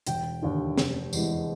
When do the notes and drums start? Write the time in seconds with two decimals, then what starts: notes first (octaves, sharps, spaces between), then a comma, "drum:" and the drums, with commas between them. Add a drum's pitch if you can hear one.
0.07 E1 G5, drum: hi-hat
0.42 D#2 D3
0.78 F1, drum: snare
1.13 E2 C3 E3 G#3, drum: tambourine